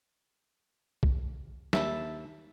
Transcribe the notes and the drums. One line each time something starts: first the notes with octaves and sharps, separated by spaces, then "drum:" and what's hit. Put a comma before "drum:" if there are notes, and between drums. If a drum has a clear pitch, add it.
drum: kick B1
D#2 E5 A5 B5, drum: snare